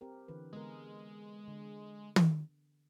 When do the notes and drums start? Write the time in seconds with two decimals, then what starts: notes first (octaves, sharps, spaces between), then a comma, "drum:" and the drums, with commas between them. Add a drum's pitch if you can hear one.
0.01 C4 G4 A#4
0.28 D3 E3 B4
0.53 D3 G#3 B3 A#4
1.48 D3
2.16 drum: tom